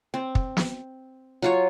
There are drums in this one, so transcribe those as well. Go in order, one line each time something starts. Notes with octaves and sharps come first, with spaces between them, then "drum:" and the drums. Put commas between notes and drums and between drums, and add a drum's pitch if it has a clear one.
C4
drum: kick
drum: snare
F#3 F4 C#5